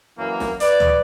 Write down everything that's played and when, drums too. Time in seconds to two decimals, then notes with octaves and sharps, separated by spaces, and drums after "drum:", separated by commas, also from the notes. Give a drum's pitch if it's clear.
0.17 F#2 E3 A#3
0.40 drum: snare
0.60 B4 D5, drum: hi-hat
0.80 drum: tom D2